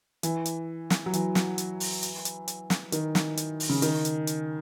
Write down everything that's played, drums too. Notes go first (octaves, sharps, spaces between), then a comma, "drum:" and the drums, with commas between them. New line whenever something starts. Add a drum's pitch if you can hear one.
E3, drum: hi-hat
drum: hi-hat
drum: snare
F#3
E3, drum: hi-hat
drum: snare
drum: hi-hat
drum: open hi-hat
drum: hi-hat
drum: hi-hat
drum: hi-hat
drum: snare
D#3, drum: hi-hat
drum: snare
drum: hi-hat
drum: open hi-hat
C#3
D#3, drum: hi-hat
drum: hi-hat
drum: hi-hat